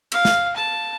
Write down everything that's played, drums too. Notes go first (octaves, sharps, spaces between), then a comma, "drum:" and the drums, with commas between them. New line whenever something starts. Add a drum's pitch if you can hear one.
F5, drum: cymbal
drum: snare
A5